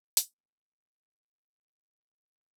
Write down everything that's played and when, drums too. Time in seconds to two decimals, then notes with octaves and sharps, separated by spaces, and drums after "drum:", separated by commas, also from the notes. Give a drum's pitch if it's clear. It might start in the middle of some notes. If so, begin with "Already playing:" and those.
0.17 G3 A3 C4 C#4, drum: hi-hat